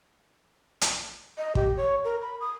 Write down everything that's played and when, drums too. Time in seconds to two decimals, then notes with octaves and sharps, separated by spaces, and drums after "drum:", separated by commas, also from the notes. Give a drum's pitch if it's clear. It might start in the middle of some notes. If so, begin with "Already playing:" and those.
0.81 drum: hi-hat
1.37 D#5
1.55 G4, drum: kick
1.77 C#5
2.04 A#4
2.21 B5
2.41 D#6